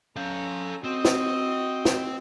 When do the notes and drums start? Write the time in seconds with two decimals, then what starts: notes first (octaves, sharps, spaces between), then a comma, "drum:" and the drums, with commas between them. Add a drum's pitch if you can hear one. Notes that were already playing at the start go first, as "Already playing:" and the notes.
0.16 C#4 A4 F5 A#5
0.84 C4 F#4 D#5
1.05 drum: snare
1.85 drum: snare